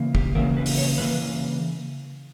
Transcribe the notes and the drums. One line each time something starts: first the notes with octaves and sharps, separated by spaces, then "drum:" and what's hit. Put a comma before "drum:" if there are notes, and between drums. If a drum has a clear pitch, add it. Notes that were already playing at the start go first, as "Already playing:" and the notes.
Already playing: C#3 E3 A#3
G4, drum: kick
C#3 E3 A#3 A#4
B4
drum: open hi-hat
C#5
C#3 E3 A#3 B4